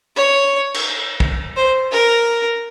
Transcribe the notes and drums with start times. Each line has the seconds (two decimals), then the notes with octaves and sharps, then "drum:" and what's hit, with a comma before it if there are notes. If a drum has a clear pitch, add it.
0.16 C#5
0.74 drum: cymbal
1.20 drum: kick
1.57 C5
1.92 A#4